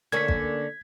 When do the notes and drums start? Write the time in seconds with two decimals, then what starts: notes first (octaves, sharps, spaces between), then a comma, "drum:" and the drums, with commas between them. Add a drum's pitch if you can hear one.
0.12 D3 A#3 C#4 G#6 B6
0.28 drum: kick